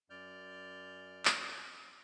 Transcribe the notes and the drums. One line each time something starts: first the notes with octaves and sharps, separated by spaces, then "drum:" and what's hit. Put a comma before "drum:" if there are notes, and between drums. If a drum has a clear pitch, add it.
F#2 D5 F6 G6
drum: clap